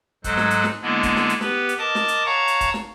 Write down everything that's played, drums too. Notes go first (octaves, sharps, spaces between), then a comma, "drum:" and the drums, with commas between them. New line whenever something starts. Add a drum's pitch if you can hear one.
G#2 F#3 G#3 A4 C5 F#6, drum: kick, hi-hat
drum: snare
drum: hi-hat
drum: snare
D3 G#3 A#3 B3 D4 E4
drum: kick, hi-hat
drum: snare
drum: hi-hat
B3 G4 B4, drum: snare
drum: hi-hat
A#4 D#5 A5 D6 D#6 A6
drum: snare
drum: hi-hat
C#5 F5 F#5 A5 A#5 C#6
drum: hi-hat
drum: kick, hi-hat
drum: snare